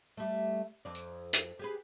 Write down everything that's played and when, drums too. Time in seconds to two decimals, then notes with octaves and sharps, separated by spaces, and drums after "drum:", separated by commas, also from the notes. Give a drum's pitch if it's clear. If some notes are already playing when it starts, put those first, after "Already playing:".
0.17 G3 A3
0.85 F2 D5
0.95 drum: tambourine
1.33 drum: hi-hat
1.59 G4 G#4 B4